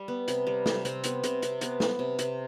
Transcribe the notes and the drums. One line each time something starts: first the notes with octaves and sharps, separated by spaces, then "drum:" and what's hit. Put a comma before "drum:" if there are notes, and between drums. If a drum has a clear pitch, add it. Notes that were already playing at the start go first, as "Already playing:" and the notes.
Already playing: G3
B3
C3, drum: hi-hat
G3
C3, drum: snare
C3 C4, drum: hi-hat
B3, drum: hi-hat
C3, drum: hi-hat
C3, drum: hi-hat
B3, drum: hi-hat
B3, drum: snare
C3
C3, drum: hi-hat